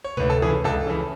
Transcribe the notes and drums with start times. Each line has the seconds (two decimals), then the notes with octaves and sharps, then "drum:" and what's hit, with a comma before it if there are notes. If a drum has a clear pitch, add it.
0.04 C#5
0.17 D2 B4, drum: tom C3
0.30 A4
0.42 C#3 E3 G#4
0.64 C#2 A4
0.87 C#3 E3